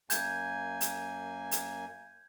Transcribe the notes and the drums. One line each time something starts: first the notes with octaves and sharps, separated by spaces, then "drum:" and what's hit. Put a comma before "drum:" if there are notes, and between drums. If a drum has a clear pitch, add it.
F#2 A#3 G#5 G6 G#6, drum: hi-hat
drum: hi-hat
drum: hi-hat